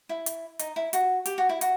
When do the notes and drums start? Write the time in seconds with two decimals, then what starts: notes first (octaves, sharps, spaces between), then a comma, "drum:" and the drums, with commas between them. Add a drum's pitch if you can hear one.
0.09 E4
0.26 drum: hi-hat
0.59 D#4, drum: hi-hat
0.76 E4
0.93 F#4, drum: hi-hat
1.26 G4, drum: hi-hat
1.38 F#4
1.49 E4
1.61 F#4, drum: hi-hat